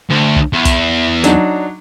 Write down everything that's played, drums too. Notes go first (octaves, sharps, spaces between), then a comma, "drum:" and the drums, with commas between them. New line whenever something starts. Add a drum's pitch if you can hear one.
D2
drum: kick
E2
drum: kick, hi-hat
F#3 D4 D#4, drum: hi-hat